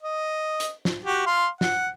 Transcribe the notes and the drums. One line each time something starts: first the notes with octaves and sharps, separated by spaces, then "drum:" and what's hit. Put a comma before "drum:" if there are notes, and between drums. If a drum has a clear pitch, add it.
D#5
drum: hi-hat
drum: snare
F#4 G4
F5 C6
F#5, drum: snare